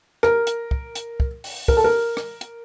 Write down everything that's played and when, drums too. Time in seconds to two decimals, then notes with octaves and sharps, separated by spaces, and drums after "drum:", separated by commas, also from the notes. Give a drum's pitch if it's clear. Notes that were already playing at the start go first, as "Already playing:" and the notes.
0.23 A#4, drum: rim click
0.47 drum: hi-hat
0.71 drum: kick
0.95 drum: hi-hat
1.20 drum: kick
1.44 drum: open hi-hat
1.68 A#4, drum: kick
1.77 A4
1.84 A#4
2.17 drum: rim click
2.41 drum: hi-hat